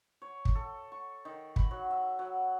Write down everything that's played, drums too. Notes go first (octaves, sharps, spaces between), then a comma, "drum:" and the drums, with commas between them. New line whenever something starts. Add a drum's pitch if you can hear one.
C#5
drum: kick
A4
C#6
D#3
B5, drum: kick
F#3
E5
F#3